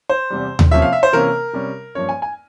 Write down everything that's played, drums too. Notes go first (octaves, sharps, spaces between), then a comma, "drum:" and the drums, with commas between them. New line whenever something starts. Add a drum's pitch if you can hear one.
C5
E2 C3 G3
drum: tom D#2
C3 F3 A#3 C#4 E5
F5
E5
C5
C3 E3 A#3 C#4 A#4
C3 G3 C#4
G2 F3 A#3 C#4 C#5
G#5
G#5